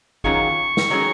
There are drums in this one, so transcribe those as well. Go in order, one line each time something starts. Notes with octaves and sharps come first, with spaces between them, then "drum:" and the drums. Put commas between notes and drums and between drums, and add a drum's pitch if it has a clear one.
D#3 F#3 C#4 F4 G#4 C#6, drum: kick G#1
drum: snare
D#3 F#3 C#4 F4 G#4